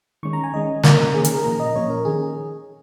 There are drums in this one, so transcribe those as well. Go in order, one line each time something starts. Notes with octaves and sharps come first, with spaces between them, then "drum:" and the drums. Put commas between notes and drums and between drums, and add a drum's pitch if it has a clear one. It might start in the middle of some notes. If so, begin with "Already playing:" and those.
D#3 G#3 C#4 C#6
A#5
G#5
D#3 G#3 C#4 D#5
D#3 A#3 C#4 A#4, drum: snare
D#3 A#3 C#4 G#4
G#4, drum: hi-hat
A#4
A#2 F3 A#3 C#4 A#5
D#5
A#2 F3 A#3 C#4 C#5
A#4
D#3 C#4 G#4